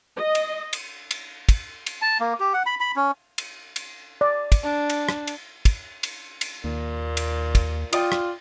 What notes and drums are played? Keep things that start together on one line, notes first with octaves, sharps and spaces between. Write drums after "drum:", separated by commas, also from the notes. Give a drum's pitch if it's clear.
D#5
drum: cymbal
drum: cymbal
drum: cymbal
drum: kick, cymbal
drum: cymbal
A5
A#3
G4
F#5
B5
B5
C#4
drum: cymbal
drum: cymbal
D5
drum: kick, cymbal
D4
drum: cymbal
drum: rim click
drum: cymbal
drum: kick, cymbal
drum: cymbal
drum: cymbal
D#2 A#2
drum: cymbal
drum: kick, cymbal
F4 D5 G5 D#6, drum: cymbal
drum: rim click